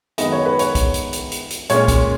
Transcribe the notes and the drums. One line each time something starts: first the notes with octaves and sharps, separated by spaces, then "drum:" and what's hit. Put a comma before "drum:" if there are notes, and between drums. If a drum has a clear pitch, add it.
F#2 D#3 G#3 B3 D#5, drum: hi-hat
C#5
B4
C#5, drum: hi-hat
drum: kick, hi-hat
drum: hi-hat
drum: hi-hat
drum: hi-hat
drum: hi-hat
A#2 G#3 C#4 C#5, drum: hi-hat
drum: kick, hi-hat